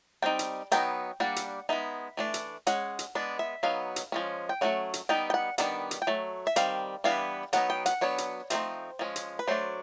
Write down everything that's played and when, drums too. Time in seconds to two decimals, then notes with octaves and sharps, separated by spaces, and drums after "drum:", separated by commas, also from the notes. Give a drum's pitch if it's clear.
0.22 G3 C4 D#4 G5
0.39 drum: hi-hat
0.72 F#3 B3 D#4 G5, drum: hi-hat
1.20 G3 A#3 D4 F#5
1.36 drum: hi-hat
1.69 G#3 B3 D#4 E5
2.17 E3 A3 D4
2.34 drum: hi-hat
2.67 G#3 C#4 F#5, drum: hi-hat
2.99 drum: hi-hat
3.15 G#3 B3 D4
3.39 E5
3.63 F#3 B3 D#4 F5
3.96 drum: hi-hat
4.12 F3 G#3 C#4
4.49 G5
4.61 F#3 A3 C#4 F#5
4.94 drum: hi-hat
5.09 G3 B3 D#4 G5
5.30 G5
5.34 F#5
5.58 D#3 G3 B3 D4 F#5, drum: hi-hat
5.91 drum: hi-hat
6.02 G5
6.07 F#3 A3
6.47 E5
6.56 D#3 G3 C4 F5, drum: hi-hat
7.04 E3 G3 B3 D4 F5
7.53 F#3 B3 D#4 F#5, drum: hi-hat
7.70 G5
7.86 F#5, drum: hi-hat
8.01 F#3 B3 D4 C#5
8.18 drum: hi-hat
8.50 F3 A3 C4 D#4 C5, drum: hi-hat
8.99 F3 G#3 C#4
9.16 drum: hi-hat
9.39 B4
9.48 F#3 A3 D4 C5